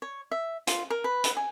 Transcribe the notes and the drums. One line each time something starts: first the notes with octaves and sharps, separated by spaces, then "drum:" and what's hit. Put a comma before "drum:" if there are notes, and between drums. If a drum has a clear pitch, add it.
C#5
E5
F4, drum: hi-hat
A#4
B4
drum: hi-hat
G#5